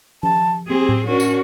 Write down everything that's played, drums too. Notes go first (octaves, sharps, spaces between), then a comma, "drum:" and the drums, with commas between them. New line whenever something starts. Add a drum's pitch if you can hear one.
A5, drum: tom F3
C4 G4 G#4
drum: tom A2
C#4 D4 F#4 A#4
drum: tambourine